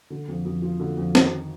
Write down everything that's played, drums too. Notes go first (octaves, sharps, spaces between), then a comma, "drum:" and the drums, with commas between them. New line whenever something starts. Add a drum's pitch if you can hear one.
D3
F2
F2
F3
D3
F2
D#3, drum: snare